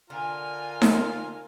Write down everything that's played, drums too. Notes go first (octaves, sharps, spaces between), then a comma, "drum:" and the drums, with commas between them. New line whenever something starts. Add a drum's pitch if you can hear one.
D3 F4 A#4 G#5
drum: snare D#4